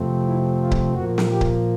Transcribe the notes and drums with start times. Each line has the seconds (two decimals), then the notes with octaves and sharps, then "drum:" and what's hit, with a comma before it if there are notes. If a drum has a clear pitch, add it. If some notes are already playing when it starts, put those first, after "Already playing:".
Already playing: F2 C3 F3 A3 C4
0.25 E4
0.60 F4
0.71 drum: kick C#1
0.94 A#2 F3 A#3 F#4
1.18 drum: snare
1.29 G4
1.41 drum: kick C#1